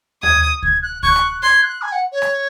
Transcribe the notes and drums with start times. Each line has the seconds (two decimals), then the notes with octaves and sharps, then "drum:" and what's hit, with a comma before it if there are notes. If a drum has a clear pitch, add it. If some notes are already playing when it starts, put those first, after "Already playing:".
0.23 D#6 G#6, drum: tom D#2
0.63 G#6, drum: kick C#2
0.82 F#6
1.03 C#6 F#6 G#6, drum: kick C#2
1.16 drum: rim click
1.42 C6 G#6
1.62 F#6
1.82 G#5
1.92 F#5
2.12 C#5
2.22 drum: rim click